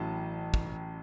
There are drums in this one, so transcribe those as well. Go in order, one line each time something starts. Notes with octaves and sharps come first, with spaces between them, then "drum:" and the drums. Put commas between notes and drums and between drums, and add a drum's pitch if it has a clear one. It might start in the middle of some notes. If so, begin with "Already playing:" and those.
Already playing: A1 A2 F#3 A5
drum: kick